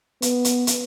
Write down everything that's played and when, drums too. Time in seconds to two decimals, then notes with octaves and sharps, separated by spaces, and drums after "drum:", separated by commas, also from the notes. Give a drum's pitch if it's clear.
0.22 B3, drum: hi-hat
0.45 drum: hi-hat
0.67 drum: hi-hat